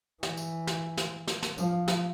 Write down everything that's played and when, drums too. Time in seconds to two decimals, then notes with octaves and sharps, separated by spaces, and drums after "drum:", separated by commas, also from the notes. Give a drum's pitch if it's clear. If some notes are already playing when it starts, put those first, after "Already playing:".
0.23 E3, drum: snare
0.37 drum: tambourine
0.67 drum: snare
0.97 drum: snare
1.28 drum: snare
1.43 drum: snare
1.58 F3, drum: tambourine
1.88 drum: snare